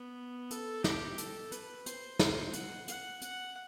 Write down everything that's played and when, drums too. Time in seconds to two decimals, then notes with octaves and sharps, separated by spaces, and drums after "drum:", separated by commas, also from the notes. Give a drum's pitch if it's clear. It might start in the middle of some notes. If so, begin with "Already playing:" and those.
Already playing: B3
0.51 A4, drum: hi-hat
0.84 G4, drum: snare
1.18 A4, drum: hi-hat
1.52 B4, drum: hi-hat
1.86 C5, drum: hi-hat
2.19 drum: snare
2.53 F#5, drum: hi-hat
2.88 F#5, drum: hi-hat
3.21 F#5, drum: hi-hat